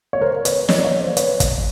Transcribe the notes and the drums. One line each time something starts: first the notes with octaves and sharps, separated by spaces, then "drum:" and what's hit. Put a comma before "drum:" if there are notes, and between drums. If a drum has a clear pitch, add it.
C#5
A#4 C5
B4 C#5, drum: hi-hat
C#5 D#5, drum: snare
D5
C#5 D#5
C5 D5
B4 C#5, drum: hi-hat
drum: kick, hi-hat